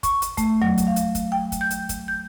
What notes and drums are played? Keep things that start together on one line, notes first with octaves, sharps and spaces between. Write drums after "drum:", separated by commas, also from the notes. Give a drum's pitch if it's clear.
C#6, drum: kick, hi-hat
drum: hi-hat
A3, drum: kick, hi-hat
F#3, drum: tom E2
drum: kick, hi-hat
F5
drum: hi-hat
drum: kick, hi-hat
G5
drum: kick, hi-hat
G6
drum: hi-hat
drum: kick, hi-hat
G6